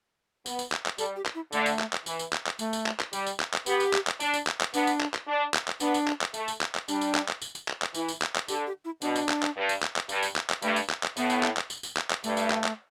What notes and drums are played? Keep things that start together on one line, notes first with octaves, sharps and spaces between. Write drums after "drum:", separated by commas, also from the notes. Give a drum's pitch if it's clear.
B3, drum: tambourine
drum: tambourine
drum: clap
drum: clap
G3 A4, drum: tambourine
G4
drum: clap
E4
D3 A3, drum: tambourine
drum: tambourine
drum: clap
drum: clap
E3, drum: tambourine
drum: tambourine
drum: clap
drum: clap
A3, drum: tambourine
drum: tambourine
drum: clap
drum: clap
G3, drum: tambourine
drum: tambourine
drum: clap
drum: clap
B3 G4, drum: tambourine
drum: tambourine
drum: clap
drum: clap
D4, drum: tambourine
drum: tambourine
drum: clap
drum: clap
B3 D4, drum: tambourine
drum: tambourine
drum: clap
drum: clap
D4
drum: clap
drum: clap
B3 D4, drum: tambourine
drum: tambourine
drum: clap
drum: clap
A3, drum: tambourine
drum: tambourine
drum: clap
drum: clap
G3 D4, drum: tambourine
drum: tambourine
drum: clap
drum: clap
drum: tambourine
drum: tambourine
drum: clap
drum: clap
E3 E4, drum: tambourine
drum: tambourine
drum: clap
drum: clap
D3 G4, drum: tambourine
G4
E4
B2 D4, drum: tambourine
drum: tambourine
drum: clap
drum: clap
G2
drum: tambourine
drum: clap
drum: clap
G2, drum: tambourine
drum: tambourine
drum: clap
drum: clap
G2 A3, drum: tambourine
drum: tambourine
drum: clap
drum: clap
A2 B3, drum: tambourine
drum: tambourine
drum: clap
drum: clap
drum: tambourine
drum: tambourine
drum: clap
drum: clap
G2 A3, drum: tambourine
drum: tambourine
drum: clap
drum: clap